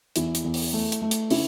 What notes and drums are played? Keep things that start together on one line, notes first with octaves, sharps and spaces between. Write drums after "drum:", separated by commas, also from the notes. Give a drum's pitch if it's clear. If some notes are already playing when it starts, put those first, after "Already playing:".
E2 E4, drum: hi-hat
drum: hi-hat
E2
drum: open hi-hat
A3
drum: hi-hat
A3
drum: hi-hat
C#3 E4, drum: open hi-hat